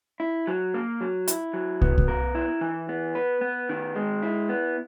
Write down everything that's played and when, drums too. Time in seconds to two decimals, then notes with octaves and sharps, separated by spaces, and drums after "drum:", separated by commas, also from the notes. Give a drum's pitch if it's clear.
0.20 E4
0.47 F#3
0.74 A#3
1.01 F#3
1.28 E4, drum: hi-hat
1.53 F#3
1.81 B3, drum: kick
1.98 drum: kick
2.08 A#4
2.35 E4
2.61 E3
2.89 B3
3.15 B4
3.41 B3
3.69 D#3
3.96 G#3
4.23 E4
4.49 B3